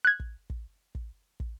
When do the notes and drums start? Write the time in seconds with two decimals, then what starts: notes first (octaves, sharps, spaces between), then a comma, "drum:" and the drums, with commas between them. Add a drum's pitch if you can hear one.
0.05 F#6 G#6
0.20 drum: kick
0.50 drum: kick
0.95 drum: kick
1.40 drum: kick